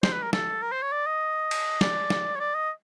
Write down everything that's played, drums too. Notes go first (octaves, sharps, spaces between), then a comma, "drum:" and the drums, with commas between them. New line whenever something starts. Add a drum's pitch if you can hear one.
C5, drum: snare
B4
A#4
A4, drum: snare
A#4
C5
C#5
D5
D#5
drum: cymbal
D5, drum: snare
drum: snare
C#5
D5
D#5